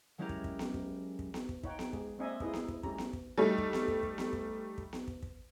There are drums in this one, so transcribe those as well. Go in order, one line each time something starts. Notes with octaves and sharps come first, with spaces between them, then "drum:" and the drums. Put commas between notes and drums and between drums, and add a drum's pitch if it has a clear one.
F#3 G#3 C#4 E4 G4 A#4
drum: kick
drum: kick
drum: snare B3
drum: kick
drum: kick
drum: snare B3
drum: kick
D#4 C#5 F#5 G5, drum: kick
drum: snare B3
G#3 G#4, drum: kick
A#3 C4 D4 D#5 E5 G#5
D#4 E4 G#4 B4 D#5, drum: kick
drum: snare B3
drum: kick
G3 A3 C#4 G4 A#5, drum: kick
drum: snare B3
drum: kick
G3 A3 D#4
drum: kick
drum: snare B3
drum: kick
drum: kick
drum: snare B3
drum: kick
drum: kick
drum: snare B3
drum: kick
drum: kick